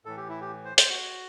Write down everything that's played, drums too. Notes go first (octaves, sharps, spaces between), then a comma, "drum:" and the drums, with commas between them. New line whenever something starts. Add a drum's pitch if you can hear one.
A2 E3 A4
G4
E4
G4
C5
C5, drum: hi-hat
F#4